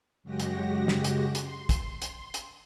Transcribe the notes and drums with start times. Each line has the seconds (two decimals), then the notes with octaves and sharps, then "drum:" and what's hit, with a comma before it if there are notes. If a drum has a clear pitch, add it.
0.23 F#2 C#3 G#3 F#4 G4 A#6
0.40 drum: hi-hat
0.88 drum: snare
1.04 drum: hi-hat
1.35 C6, drum: hi-hat
1.69 drum: kick, hi-hat
2.02 drum: hi-hat
2.34 drum: hi-hat